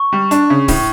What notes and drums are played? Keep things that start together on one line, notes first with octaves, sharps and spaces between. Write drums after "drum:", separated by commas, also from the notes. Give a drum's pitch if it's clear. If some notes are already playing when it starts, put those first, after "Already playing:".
Already playing: C#6
G3
D4, drum: hi-hat
C#3
A2, drum: kick, open hi-hat